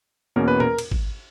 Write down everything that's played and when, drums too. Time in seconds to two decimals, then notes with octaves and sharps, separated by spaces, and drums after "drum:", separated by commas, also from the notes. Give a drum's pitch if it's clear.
0.36 E2 B2 A#3 C#4 A#4
0.48 B4
0.60 A#4, drum: tom
0.78 drum: cymbal
0.91 drum: kick G#1